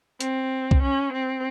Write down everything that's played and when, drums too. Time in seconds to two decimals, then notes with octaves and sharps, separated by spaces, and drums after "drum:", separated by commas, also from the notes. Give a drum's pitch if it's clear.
0.20 C4, drum: hi-hat
0.71 drum: kick
0.82 C#4
1.11 C4